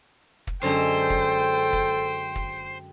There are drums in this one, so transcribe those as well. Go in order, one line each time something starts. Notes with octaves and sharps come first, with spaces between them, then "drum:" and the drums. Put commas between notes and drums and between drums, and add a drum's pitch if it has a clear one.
drum: kick
F#2 D3 G#3 A4 C5 G5
drum: kick
drum: kick
drum: kick